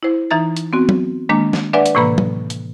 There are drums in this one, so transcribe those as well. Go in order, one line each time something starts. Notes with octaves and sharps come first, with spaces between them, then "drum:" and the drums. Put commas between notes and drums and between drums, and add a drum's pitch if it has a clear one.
E4 C5
E3 D#4 E5 A#5 A6
drum: hi-hat
B3 C4 F#4
drum: tom
D#3 G#3 A#3 D4
drum: snare
D4 B4 D5 E5 F#5 G#5
drum: hi-hat
A2 C3 E3 A#3 B4 B5
drum: tom
drum: hi-hat